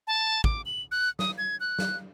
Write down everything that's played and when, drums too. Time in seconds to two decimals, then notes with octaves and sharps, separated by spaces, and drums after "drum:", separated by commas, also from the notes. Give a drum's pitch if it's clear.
0.07 A5
0.44 D6, drum: kick
0.66 F#7
0.92 F#6
1.19 D#6, drum: snare
1.38 G#6
1.60 F#6
1.79 drum: snare